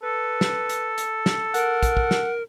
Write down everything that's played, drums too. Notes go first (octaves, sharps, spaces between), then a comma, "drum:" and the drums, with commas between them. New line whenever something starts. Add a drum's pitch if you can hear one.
A4 B4
drum: snare
drum: hi-hat
drum: hi-hat
drum: snare
A#4 F#5, drum: hi-hat
drum: kick, hi-hat
drum: kick
drum: snare